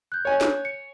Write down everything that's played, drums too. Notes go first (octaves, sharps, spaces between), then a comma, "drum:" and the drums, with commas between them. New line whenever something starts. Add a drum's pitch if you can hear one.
F#6 G6
C#5 G#5
drum: snare
C#7